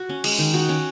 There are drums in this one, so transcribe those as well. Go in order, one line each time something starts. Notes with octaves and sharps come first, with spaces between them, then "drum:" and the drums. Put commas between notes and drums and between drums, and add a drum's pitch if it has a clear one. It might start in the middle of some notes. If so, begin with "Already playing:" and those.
Already playing: F#4
C#4
G#3, drum: cymbal
D#3
F#4
C#4